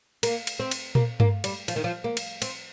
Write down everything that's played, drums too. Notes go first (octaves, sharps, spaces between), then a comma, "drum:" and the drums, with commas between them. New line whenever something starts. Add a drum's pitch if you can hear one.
A#3, drum: cymbal
drum: cymbal
C4
drum: cymbal
A#3, drum: tom A#2
A#3, drum: tom G2
G3, drum: cymbal
F3, drum: cymbal
D#3
F3
A#3
drum: cymbal
C4, drum: cymbal